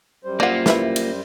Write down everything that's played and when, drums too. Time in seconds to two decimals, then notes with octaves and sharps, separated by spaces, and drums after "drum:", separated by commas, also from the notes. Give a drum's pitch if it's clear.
0.25 F#2 G3 C5
0.40 A#3 F4 D5 F#5
0.66 E4 B4 E5, drum: snare
0.96 drum: cymbal